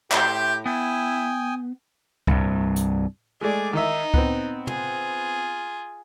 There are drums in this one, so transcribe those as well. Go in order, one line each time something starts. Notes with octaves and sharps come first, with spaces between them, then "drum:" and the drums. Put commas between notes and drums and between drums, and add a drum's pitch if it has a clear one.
A2 G4 E5 G5 C6, drum: clap
B3 E4 G5 G#5 D#6
C2 G2, drum: kick C#2
drum: hi-hat
G#3 A3 G#4 D5 D6
D#3 D#4 E5
B3 C4, drum: kick C#2
F4 G#4, drum: tom